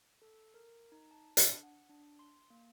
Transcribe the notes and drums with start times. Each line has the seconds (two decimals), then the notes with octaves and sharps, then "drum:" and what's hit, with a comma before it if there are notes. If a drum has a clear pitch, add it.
0.22 A4
0.54 A#4
0.92 D#4
1.11 A5
1.37 D4, drum: hi-hat
1.63 F#5
1.90 D4
2.19 C6
2.50 A#3